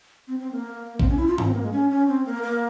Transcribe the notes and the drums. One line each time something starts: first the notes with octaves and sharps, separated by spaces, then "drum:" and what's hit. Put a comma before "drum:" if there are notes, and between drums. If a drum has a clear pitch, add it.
C4
C4
A#3
C4, drum: kick A1
C#4
E4
F4
C#4, drum: tom G#2
C4
A#3
G#3
C#4
C#4
C4
A#3
A#3